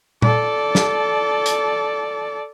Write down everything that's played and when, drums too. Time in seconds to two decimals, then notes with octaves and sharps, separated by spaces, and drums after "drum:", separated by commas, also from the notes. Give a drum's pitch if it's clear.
0.22 A4 D5, drum: tom A#2
0.75 drum: snare
1.46 drum: hi-hat